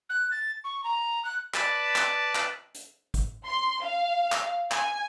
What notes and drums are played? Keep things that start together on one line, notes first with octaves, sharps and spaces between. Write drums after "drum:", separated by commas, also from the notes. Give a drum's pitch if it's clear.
F#6
A6
C#6
A#5
F#6
B4 D5 A5, drum: clap
drum: clap
drum: clap
drum: hi-hat
drum: kick, hi-hat
C6
F5
drum: clap
G#5, drum: clap